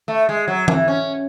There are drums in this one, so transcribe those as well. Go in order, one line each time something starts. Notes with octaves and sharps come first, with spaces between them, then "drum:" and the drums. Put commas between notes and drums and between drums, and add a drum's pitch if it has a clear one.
A3
G#3
F#3
E3, drum: tom E3
C#4